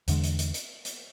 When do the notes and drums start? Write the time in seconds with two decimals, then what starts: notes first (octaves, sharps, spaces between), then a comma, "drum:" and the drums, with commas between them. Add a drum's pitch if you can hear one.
0.08 E2 D3 G#3, drum: hi-hat
0.24 drum: hi-hat
0.39 drum: hi-hat
0.54 drum: hi-hat
0.85 drum: hi-hat